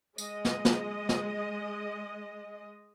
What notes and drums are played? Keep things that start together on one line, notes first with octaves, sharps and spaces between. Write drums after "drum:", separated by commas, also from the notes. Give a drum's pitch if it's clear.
G#3 D#5, drum: tambourine
drum: snare
drum: snare
drum: snare